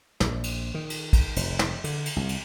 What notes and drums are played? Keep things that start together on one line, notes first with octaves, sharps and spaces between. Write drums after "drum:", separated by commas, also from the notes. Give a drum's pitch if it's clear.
A#1, drum: snare
drum: cymbal
D#3
drum: cymbal
drum: kick, cymbal
F1, drum: cymbal
drum: snare
D3, drum: cymbal
drum: cymbal
C2
drum: cymbal